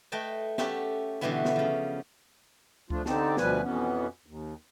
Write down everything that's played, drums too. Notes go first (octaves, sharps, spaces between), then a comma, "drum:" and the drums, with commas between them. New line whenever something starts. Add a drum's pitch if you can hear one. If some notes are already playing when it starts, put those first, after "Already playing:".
A3 B4 D#5 G5 A5
A3 C#4 G4 A4 E5 F#5, drum: snare
B2 D3 E3 G3 B3 E4
drum: snare
C#3 F3
F3 A3 D4 F4, drum: kick C#2
D3 C4 D#4 G4 A5, drum: snare
D2 B2 F3 G3 B4 G#5, drum: snare
F2 B2 E3 B3 C#4
D#2